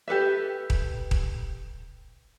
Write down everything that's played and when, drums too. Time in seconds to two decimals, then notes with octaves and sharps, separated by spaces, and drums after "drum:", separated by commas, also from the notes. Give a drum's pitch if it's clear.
0.08 G4 A4 B4 E5
0.70 drum: kick D#1
1.11 drum: kick D#1